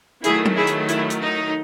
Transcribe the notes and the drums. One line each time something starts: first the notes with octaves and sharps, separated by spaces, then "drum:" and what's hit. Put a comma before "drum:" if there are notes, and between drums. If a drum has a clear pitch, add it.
D#3 F#3 A3 E4 G#4, drum: hi-hat
drum: tom F#3
E4 G#4
drum: hi-hat
E4, drum: hi-hat
drum: hi-hat
D#4